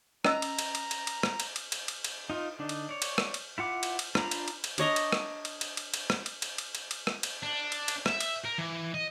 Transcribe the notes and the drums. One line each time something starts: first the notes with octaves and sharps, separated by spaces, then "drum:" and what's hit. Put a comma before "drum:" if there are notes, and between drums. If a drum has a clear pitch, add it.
C#4 D#5 A#5 E6, drum: rim click
drum: cymbal
drum: cymbal
drum: cymbal
drum: cymbal
drum: cymbal
drum: rim click
drum: cymbal
drum: cymbal
drum: cymbal
drum: cymbal
drum: cymbal
D#4 F4
D3 D4 D#4
drum: cymbal
C#5 D5
drum: cymbal
drum: rim click
drum: cymbal
E4 F4 F#5 D6
drum: cymbal
drum: cymbal
D4 F4 A#5 B5, drum: rim click
drum: cymbal
drum: cymbal
drum: cymbal
D4 C#5 D#5 A#5, drum: cymbal
drum: cymbal
drum: rim click
drum: cymbal
drum: cymbal
drum: cymbal
drum: cymbal
drum: rim click
drum: cymbal
drum: cymbal
drum: cymbal
drum: cymbal
drum: cymbal
drum: rim click
drum: cymbal
D4
drum: cymbal
drum: cymbal
E5, drum: rim click
drum: cymbal
A#4
E3
D#5